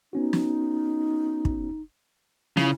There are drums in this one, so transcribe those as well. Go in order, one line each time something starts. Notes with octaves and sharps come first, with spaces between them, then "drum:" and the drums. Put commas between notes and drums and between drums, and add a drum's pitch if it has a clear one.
B3 C#4 D#4 F#4
drum: snare
drum: kick
C#3 E4 F4, drum: snare